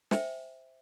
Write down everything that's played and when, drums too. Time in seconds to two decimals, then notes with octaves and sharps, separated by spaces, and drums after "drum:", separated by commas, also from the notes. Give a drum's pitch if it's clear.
0.11 C5 E5 G5 G#5, drum: snare